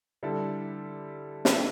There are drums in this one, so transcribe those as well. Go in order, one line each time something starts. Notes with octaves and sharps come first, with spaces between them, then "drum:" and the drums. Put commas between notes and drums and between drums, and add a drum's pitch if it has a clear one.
D3 G3 E4 A4
drum: snare